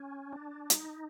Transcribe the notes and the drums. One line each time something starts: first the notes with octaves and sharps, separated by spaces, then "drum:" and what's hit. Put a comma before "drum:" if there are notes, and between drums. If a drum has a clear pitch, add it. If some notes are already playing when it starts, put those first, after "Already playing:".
Already playing: C#4
D4
D#4, drum: hi-hat